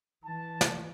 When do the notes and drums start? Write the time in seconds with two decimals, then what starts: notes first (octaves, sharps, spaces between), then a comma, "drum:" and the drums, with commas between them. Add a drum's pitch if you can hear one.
0.25 E3 A5
0.61 drum: snare